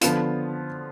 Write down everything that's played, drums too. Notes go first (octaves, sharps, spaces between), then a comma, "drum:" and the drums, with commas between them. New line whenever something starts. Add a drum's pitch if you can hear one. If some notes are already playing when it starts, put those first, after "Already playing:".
D3 F3 B3 F4, drum: hi-hat